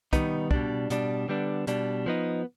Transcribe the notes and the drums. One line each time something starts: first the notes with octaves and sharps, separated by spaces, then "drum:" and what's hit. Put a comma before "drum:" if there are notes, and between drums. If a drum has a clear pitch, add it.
D#3 G3 B3 D#4, drum: kick, hi-hat
B2 G3 D4, drum: kick
B2 G3 D4, drum: hi-hat
D3 G3 B3 D4
B2 G3 D4, drum: hi-hat
F3 B3 D#4